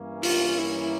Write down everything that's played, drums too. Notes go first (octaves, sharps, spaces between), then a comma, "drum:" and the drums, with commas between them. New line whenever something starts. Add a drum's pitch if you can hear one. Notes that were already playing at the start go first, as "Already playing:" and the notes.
Already playing: G2 E3 A#3 C#4
F4, drum: open hi-hat
E4